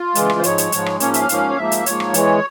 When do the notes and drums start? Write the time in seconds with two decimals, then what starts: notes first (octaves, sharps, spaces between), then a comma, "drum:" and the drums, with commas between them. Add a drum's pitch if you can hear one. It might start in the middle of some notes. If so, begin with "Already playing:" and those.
Already playing: F4
0.15 C#3 E3 G#3, drum: hi-hat
0.30 drum: rim click
0.39 C5
0.44 G#2 F3 G#3 C#5, drum: hi-hat
0.58 drum: hi-hat
0.72 G#2 F3 G#3, drum: hi-hat
0.86 drum: rim click
1.00 G#2 F3 A#3 C#4 C#5, drum: hi-hat
1.14 E5, drum: hi-hat
1.19 F5
1.29 G#2 F3 A#3 C#4, drum: hi-hat
1.50 C#5
1.57 G#2 F3 A#3 E5
1.72 drum: hi-hat
1.86 G#2 F3 A#3 C#5, drum: hi-hat
2.00 drum: rim click
2.14 E2 E3 G#3, drum: hi-hat